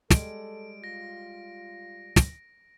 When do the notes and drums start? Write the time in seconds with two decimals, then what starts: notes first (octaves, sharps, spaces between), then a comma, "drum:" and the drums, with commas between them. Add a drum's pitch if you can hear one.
0.11 G3 G#3 A4 D7, drum: snare
0.84 F4 A#6
2.16 drum: snare